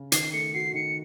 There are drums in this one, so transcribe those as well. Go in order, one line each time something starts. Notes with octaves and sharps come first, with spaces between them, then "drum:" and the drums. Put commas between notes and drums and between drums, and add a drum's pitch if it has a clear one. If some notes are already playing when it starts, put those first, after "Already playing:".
Already playing: C#3
D#3 C7, drum: hi-hat
A3 C#7
F#4 C7
D#3 C#7